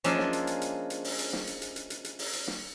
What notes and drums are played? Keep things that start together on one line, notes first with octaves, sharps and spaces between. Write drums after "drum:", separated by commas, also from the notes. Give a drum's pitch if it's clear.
F3 G#3 A#3 C#4 D4 E5, drum: hi-hat
drum: snare
drum: hi-hat
drum: hi-hat
drum: hi-hat
drum: hi-hat
drum: open hi-hat
drum: hi-hat
drum: snare
drum: hi-hat
drum: hi-hat
drum: hi-hat
drum: hi-hat
drum: hi-hat
drum: open hi-hat
drum: hi-hat
drum: snare